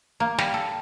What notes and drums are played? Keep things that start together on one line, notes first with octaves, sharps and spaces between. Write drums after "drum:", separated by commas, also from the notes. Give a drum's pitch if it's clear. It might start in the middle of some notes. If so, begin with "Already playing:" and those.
A#3
G3, drum: snare
A4